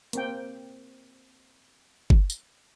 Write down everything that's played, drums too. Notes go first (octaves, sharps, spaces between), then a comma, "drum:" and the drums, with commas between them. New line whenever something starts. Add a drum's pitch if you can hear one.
A#3 C4 G5, drum: hi-hat
drum: kick F#1
drum: tambourine